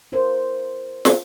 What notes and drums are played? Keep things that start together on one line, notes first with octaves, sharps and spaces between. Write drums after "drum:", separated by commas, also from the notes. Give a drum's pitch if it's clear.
F4 A#4 C5
drum: snare